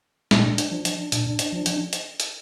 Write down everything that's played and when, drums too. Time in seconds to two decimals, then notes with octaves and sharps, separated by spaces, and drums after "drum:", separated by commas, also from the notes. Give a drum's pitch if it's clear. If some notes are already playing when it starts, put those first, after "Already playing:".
0.31 A#2 D4, drum: snare
0.58 drum: hi-hat
0.71 F3
0.85 drum: hi-hat
1.12 A#2, drum: hi-hat
1.39 drum: hi-hat
1.52 F3
1.66 drum: hi-hat
1.93 drum: hi-hat
2.20 drum: hi-hat